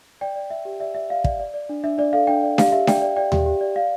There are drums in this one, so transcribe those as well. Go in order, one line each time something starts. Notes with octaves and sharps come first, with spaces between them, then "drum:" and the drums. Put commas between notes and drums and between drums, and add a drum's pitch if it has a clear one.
D5 G5
D5
D5 E5
G4
D5 E5
D5 E5
D5 F5
D5, drum: kick
D5
D5
D4
D4 E5
D4 D5
A4 F5
D4 G5
D5
G4 F5, drum: snare D4
G4 E5
D5 G5, drum: snare D4
D5
D5 G5
G4, drum: tom D#2
G4
D5
D5 F5